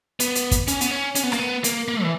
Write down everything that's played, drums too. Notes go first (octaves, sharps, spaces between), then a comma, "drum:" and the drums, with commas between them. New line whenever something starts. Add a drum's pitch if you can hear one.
B3, drum: hi-hat
drum: hi-hat
drum: kick, hi-hat
C#4, drum: hi-hat
B3, drum: hi-hat
C#4
C#4, drum: hi-hat
B3
A#3, drum: rim click
B3
A#3, drum: hi-hat
A#3
E3